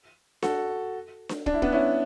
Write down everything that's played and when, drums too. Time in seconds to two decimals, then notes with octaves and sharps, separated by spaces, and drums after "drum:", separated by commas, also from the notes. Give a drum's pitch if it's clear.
0.42 F#4 A4, drum: snare D4
1.29 drum: snare D4
1.46 D4, drum: kick
1.54 E4
1.62 B3 D4, drum: kick
1.73 C#4 E4